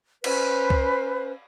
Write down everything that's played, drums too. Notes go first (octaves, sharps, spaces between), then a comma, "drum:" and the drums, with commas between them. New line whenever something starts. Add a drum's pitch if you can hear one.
C#4 B4 C5, drum: cymbal
drum: kick C2